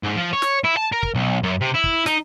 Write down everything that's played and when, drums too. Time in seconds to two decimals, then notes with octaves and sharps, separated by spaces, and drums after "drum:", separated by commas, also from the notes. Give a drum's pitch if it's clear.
0.04 G#2
0.15 F3
0.33 C#5
0.42 drum: snare
0.64 E4
0.77 A5
0.92 A#4
1.03 drum: kick
1.15 B1
1.43 F#2
1.61 C3
1.74 E4
1.84 drum: kick
2.06 D#4, drum: snare